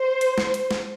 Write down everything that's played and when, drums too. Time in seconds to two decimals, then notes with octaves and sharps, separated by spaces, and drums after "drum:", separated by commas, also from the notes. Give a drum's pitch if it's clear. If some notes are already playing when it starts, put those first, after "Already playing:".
Already playing: C5
0.21 drum: hi-hat
0.38 drum: snare
0.54 drum: hi-hat
0.71 drum: snare